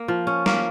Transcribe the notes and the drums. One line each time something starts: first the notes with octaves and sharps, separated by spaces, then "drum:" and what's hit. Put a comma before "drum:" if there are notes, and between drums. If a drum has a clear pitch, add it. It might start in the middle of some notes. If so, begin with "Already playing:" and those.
Already playing: A#3
F3
C#4
A#3, drum: snare